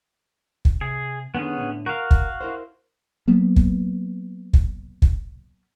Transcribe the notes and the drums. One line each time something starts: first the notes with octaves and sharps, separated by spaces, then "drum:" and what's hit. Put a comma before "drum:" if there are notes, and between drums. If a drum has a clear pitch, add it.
drum: kick
C3 G#4
D3 D#3 B3 C#4 G#4
A2 D3
F#4 A#4 F5
drum: kick
E4 A#4 C5
F#3 A#3 B3
drum: kick
drum: kick
drum: kick